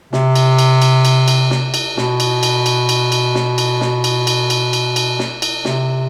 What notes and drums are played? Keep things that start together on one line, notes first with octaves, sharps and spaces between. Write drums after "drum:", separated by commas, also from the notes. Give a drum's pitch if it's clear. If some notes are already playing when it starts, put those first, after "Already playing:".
C3, drum: snare
drum: cymbal
drum: cymbal
drum: cymbal
drum: cymbal
drum: cymbal
drum: snare
drum: cymbal
B2, drum: snare
drum: cymbal
drum: cymbal
drum: cymbal
drum: cymbal
drum: cymbal
drum: snare
drum: cymbal
drum: snare
drum: cymbal
drum: cymbal
drum: cymbal
drum: cymbal
drum: cymbal
drum: snare
drum: cymbal
C3, drum: snare